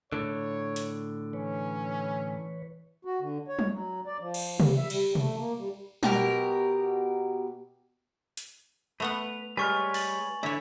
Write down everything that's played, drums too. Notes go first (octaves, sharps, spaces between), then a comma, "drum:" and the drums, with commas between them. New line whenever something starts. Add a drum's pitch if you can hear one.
A2 D3 C#5
drum: hi-hat
E3 C#4 B4 C#5
F#4
D3
C#5
drum: tom F#3
F#3
D5
F3
drum: cymbal
G3, drum: tom
E5
G3, drum: cymbal
A3, drum: tom B2
A#3
G3
B2 G4 A#4, drum: tom F#3
drum: hi-hat
A3 B3 B4 F#5 F7
G3 G#3 B4 C#5 G#5 C#6 F6
A6 F#7, drum: open hi-hat
D3 E4 C#5 D5